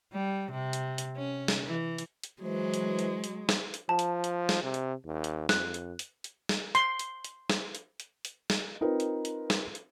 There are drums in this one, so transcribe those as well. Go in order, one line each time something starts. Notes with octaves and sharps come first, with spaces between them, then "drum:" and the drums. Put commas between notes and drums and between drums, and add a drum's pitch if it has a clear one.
G3
C3
drum: hi-hat
drum: hi-hat
C#4
drum: snare
E3
drum: hi-hat
drum: hi-hat
E3 F#3 G#3 C5
drum: hi-hat
drum: hi-hat
drum: hi-hat
drum: snare
drum: hi-hat
F3 A5
drum: hi-hat
drum: hi-hat
drum: snare
C3
drum: hi-hat
D#2
drum: hi-hat
F2 F#6, drum: snare
drum: hi-hat
drum: hi-hat
drum: hi-hat
drum: snare
C6, drum: hi-hat
drum: hi-hat
drum: hi-hat
drum: snare
drum: hi-hat
drum: hi-hat
drum: hi-hat
drum: snare
C4 D#4 F4 A#4 B4
drum: hi-hat
drum: hi-hat
drum: snare
drum: hi-hat